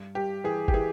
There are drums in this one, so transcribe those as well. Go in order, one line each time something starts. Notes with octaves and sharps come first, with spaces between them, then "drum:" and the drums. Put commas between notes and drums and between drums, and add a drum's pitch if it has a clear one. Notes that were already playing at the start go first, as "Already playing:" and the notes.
Already playing: G2
G2 G4
E3 G#4
G4, drum: kick G1
E3 G#4